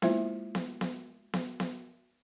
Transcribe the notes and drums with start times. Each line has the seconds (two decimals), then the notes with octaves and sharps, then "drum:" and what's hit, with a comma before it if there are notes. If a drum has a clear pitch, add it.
0.02 G#3 A#3 E4 F4 C5 E5, drum: snare B3
0.55 drum: snare B3
0.81 drum: snare B3
1.33 drum: snare B3
1.60 drum: snare B3